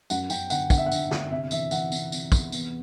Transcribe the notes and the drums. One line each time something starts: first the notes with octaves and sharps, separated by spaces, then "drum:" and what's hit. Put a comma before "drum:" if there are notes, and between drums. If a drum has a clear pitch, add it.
F#2 F#5, drum: tambourine
F#2 G5, drum: tambourine
G1 F#5, drum: tambourine
G1 F#5, drum: kick, tambourine
E5
F#5
G1, drum: tambourine
G1, drum: snare
C3 E5
E3 E5, drum: tambourine
E3 F#5, drum: tambourine
C3, drum: tambourine
C3, drum: tambourine
E2, drum: kick, tambourine
B3, drum: tambourine